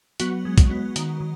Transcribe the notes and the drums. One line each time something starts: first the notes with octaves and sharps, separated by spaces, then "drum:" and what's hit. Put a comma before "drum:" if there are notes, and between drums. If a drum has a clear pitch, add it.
F#3 B3 F#4, drum: hi-hat
G#3
drum: kick, hi-hat
B3
D#3, drum: hi-hat
D#3